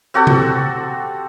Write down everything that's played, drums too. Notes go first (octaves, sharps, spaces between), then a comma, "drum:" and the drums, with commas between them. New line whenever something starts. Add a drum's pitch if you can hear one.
C4 F#4 G4 A4
drum: tom C3